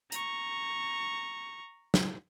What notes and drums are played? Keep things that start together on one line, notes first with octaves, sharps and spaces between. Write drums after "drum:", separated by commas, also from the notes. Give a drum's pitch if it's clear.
A#5 C#6, drum: hi-hat
drum: snare